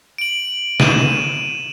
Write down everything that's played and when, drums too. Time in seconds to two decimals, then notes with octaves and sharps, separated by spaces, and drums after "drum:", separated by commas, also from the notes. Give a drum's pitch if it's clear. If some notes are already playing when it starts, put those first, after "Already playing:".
0.18 D7 F#7
0.80 D#7 E7, drum: snare